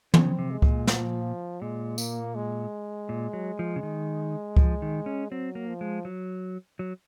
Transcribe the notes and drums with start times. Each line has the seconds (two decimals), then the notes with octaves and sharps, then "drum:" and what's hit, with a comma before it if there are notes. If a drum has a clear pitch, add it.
0.14 C#3 C4, drum: tom
0.39 C3
0.51 G#3
0.62 A#2, drum: kick C#2
0.87 F3, drum: snare
1.62 A#2 G#3
1.98 A#3, drum: tambourine
2.35 G#3
3.09 A#2
3.33 F#3
3.59 F3
3.76 C#3
3.83 D#3
4.57 F3, drum: kick C#2
4.82 D#3
5.06 C#4
5.30 F#3 C4
5.55 A#3
5.67 F3
5.81 G#3
6.05 F#3
6.79 F#3